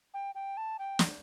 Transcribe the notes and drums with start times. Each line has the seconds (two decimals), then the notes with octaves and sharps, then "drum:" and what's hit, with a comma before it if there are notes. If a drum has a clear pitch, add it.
0.14 G5
0.35 G5
0.57 A5
0.79 G5
0.99 drum: snare